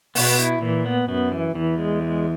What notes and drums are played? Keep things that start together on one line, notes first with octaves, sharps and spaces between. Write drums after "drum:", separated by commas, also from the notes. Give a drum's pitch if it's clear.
B2 B3, drum: open hi-hat
E4
A#2 E3
B3
F#2 B3
E3
E2 E3
G#3
G#3